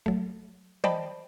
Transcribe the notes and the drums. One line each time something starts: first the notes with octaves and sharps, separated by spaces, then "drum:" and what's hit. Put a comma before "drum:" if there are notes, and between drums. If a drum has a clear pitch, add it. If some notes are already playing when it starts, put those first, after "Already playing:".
F#3 A3, drum: kick
C5 D5 D#5 G5 A5 B5, drum: tom